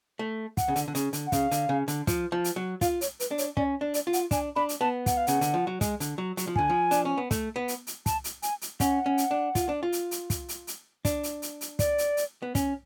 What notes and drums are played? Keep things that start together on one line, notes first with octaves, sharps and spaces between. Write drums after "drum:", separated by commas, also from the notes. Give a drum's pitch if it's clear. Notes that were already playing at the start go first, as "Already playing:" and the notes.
A3
F#5, drum: kick, hi-hat
C#3
D3, drum: hi-hat
D3
C#3, drum: hi-hat
D3, drum: hi-hat
F#5
C#3 F5, drum: kick, hi-hat
D3, drum: hi-hat
C#3
D3, drum: hi-hat
F3, drum: kick, hi-hat
F3
drum: hi-hat
F#3
F4 F5, drum: kick, hi-hat
C#5, drum: hi-hat
B4, drum: hi-hat
D4
C#5, drum: hi-hat
C#4 D5, drum: kick
D4
D5, drum: hi-hat
F4
F#5, drum: hi-hat
D4 G#5, drum: kick, hi-hat
D4 B5
drum: hi-hat
B3 A5
F#5, drum: kick, hi-hat
F5
C#3 F#5, drum: hi-hat
D3, drum: hi-hat
F3
F#3
G#3, drum: kick, hi-hat
D3, drum: hi-hat
F#3
F#3, drum: hi-hat
F3
D3 G#5, drum: kick
F3
D4, drum: hi-hat
C#4
B3
A3, drum: kick, hi-hat
B3
drum: hi-hat
drum: hi-hat
A5, drum: kick, hi-hat
drum: hi-hat
G#5, drum: hi-hat
drum: hi-hat
C#4 F#5, drum: kick, hi-hat
C#4
drum: hi-hat
D4
F4, drum: kick, hi-hat
D4
F4
drum: hi-hat
drum: hi-hat
drum: kick, hi-hat
drum: hi-hat
drum: hi-hat
D4, drum: kick, hi-hat
drum: hi-hat
drum: hi-hat
drum: hi-hat
D5, drum: kick, hi-hat
drum: hi-hat
drum: hi-hat
B3
C#4, drum: kick, hi-hat